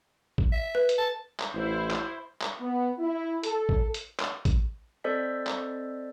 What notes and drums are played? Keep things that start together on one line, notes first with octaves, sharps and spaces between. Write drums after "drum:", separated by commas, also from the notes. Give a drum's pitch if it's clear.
drum: kick A1
E5
B4
drum: hi-hat
A5
drum: clap
A1 E4 C5
drum: clap
drum: clap
B3
E4
A4, drum: hi-hat
drum: kick A1
drum: hi-hat
drum: clap
drum: kick A1, hi-hat
C4 A4 C5 D5 D#5 B6
drum: clap